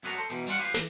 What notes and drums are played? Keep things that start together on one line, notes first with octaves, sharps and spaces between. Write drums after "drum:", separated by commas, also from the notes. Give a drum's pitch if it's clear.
F#2 D3 B3 G#4 C#5 A#5
A4 C5
B2 E3 D#4
G3 C#4 F4 F#5
F4 G4 B4 C5
E3, drum: snare